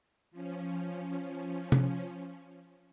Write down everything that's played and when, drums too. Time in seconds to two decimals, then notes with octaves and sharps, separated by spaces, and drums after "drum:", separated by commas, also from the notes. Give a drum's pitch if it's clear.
0.31 F3 C#4
1.72 drum: tom C3